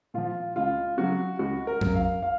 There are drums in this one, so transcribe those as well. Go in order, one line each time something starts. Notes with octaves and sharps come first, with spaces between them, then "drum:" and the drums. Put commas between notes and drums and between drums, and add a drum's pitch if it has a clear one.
A#2 F3 F4
C#2 F4
C#3 F#3 F#4
C#2 F#4
A#4
C#3 F#3, drum: tom F2
F5
F5